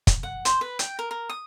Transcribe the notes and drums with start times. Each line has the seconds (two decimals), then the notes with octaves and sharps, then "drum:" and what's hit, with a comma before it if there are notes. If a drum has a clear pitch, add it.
0.07 drum: kick, hi-hat
0.23 F#5
0.45 C5, drum: hi-hat
0.61 B4
0.79 G5, drum: hi-hat
0.99 A#4
1.11 A#4
1.29 D#6